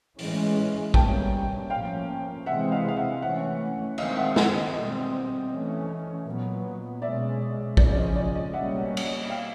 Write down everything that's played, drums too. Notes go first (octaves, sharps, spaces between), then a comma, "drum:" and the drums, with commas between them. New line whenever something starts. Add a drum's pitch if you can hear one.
A2 E3 G#3 C#4, drum: open hi-hat
B2 G3 A#3 C#4 G5 A5, drum: kick
A2 F3 A#3 C#4 F5 G5
C3 E3 G#3 C4 E5 F#5
D#5 F5
F5
E5 F#5
E3 A3 C#4 E5 F#5
D#3 G#3 C4 D#5 F5, drum: cymbal
E5 F#5
F#5 G#5, drum: snare
D#5
B2 G3 C4 D#5
E3 A3 C#4
A#2 F#3 B3
B2 G#3 C#4 D5 E5
C#3 F3 G#3 C#4 D5, drum: kick
D5
D#5
D5
D#5
B2 G3 A#3 C#4 E5 F#5
drum: cymbal
F5 G5